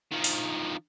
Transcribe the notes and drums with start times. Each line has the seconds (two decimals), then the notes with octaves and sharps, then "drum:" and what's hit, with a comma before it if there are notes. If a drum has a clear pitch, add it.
0.12 D#3 F3
0.24 drum: open hi-hat